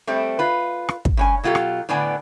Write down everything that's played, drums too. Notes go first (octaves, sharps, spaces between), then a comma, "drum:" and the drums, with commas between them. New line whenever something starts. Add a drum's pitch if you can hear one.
G3 A3 C4
F4 B4
drum: rim click
drum: kick
G2 C#4 G#5
B2 F#3 F4 G4 A4
drum: rim click
A2 D3 B3 D4 G#5